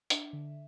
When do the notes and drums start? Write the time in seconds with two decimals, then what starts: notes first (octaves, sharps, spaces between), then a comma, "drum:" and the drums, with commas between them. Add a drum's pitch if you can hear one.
0.10 D4 E5, drum: hi-hat
0.33 D3